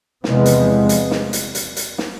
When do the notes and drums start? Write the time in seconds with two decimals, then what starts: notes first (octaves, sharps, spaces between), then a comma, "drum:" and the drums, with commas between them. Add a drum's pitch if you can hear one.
0.24 E2 C3 F3 G#3 B3, drum: snare
0.46 drum: hi-hat
0.89 drum: hi-hat
1.11 drum: snare
1.33 drum: hi-hat
1.55 drum: hi-hat
1.77 drum: hi-hat
1.98 drum: snare